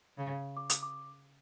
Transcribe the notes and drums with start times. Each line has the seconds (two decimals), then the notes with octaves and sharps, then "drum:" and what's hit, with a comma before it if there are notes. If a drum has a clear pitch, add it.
0.18 C#3
0.57 D6
0.70 D#6, drum: hi-hat
0.83 D6